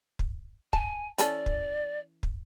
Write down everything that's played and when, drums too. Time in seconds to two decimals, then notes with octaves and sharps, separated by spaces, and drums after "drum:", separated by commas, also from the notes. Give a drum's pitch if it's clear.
0.19 drum: kick
0.73 G#5 A5, drum: kick
1.18 E3 C#4 A4 D5, drum: hi-hat
1.46 drum: kick
2.23 drum: kick